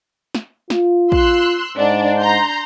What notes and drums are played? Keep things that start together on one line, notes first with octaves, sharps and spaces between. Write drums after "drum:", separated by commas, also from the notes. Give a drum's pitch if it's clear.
drum: snare
F4, drum: snare
C6 E6 F#6, drum: kick
G#2 D4
A#5 C6 G6